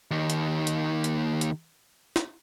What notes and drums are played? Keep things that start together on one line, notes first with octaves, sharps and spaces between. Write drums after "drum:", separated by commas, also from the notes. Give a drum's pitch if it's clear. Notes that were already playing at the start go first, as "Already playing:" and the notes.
D#2 D#3
drum: hi-hat
drum: hi-hat
drum: hi-hat
drum: hi-hat
drum: snare